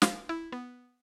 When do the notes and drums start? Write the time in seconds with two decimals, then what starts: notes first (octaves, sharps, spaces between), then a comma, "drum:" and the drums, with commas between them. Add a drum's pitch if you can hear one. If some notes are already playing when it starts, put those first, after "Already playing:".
0.02 F5, drum: snare
0.29 E4
0.52 B3